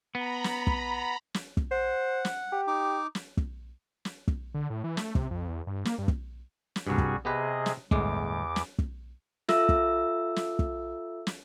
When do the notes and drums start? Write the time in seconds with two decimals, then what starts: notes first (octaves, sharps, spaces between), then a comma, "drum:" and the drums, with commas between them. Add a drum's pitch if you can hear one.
0.15 B3 A#5 B5
0.44 drum: snare
0.67 drum: kick
1.34 drum: snare
1.57 drum: kick
1.71 C5 F#5
2.25 drum: snare
2.52 G4
2.67 D#4 D6
3.15 drum: snare
3.37 drum: kick
4.05 drum: snare
4.28 drum: kick
4.54 D3
4.70 A2
4.84 E3
4.97 A3, drum: snare
5.15 C3, drum: kick
5.31 F2
5.48 E2
5.67 G2
5.85 A#3, drum: snare
5.99 G2
6.08 drum: kick
6.76 drum: snare
6.87 C2 G2 G3 F#4 G#4
6.98 drum: kick
7.25 C3 B3 G4 G#4 B4 D#5
7.66 drum: snare
7.91 G1 E2 A2 G#3 D6, drum: kick
8.56 drum: snare
8.79 drum: kick
9.49 F4 A4 E5 E6, drum: snare
9.69 drum: kick
10.36 drum: snare
10.59 drum: kick
11.27 drum: snare